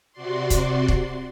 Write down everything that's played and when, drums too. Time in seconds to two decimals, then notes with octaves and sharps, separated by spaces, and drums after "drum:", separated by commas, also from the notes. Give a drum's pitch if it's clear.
0.12 C3 F#4 D5 C6
0.50 drum: kick, hi-hat
0.88 drum: kick